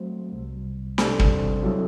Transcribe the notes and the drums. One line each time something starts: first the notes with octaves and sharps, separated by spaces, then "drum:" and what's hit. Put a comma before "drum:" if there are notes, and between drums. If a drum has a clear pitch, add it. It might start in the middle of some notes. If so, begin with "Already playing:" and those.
Already playing: F#3 A3 C4 F#4 C5
C2 C3 G3
C3 G3 D4 A4 C5, drum: snare
drum: kick
F#3 C4 E4 A4